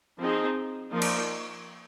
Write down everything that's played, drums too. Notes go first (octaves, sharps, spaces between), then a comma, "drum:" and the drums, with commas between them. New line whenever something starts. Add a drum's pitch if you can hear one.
F3 C4 D#4 G#4
F3 A#3 D#4 A#4 D5
drum: cymbal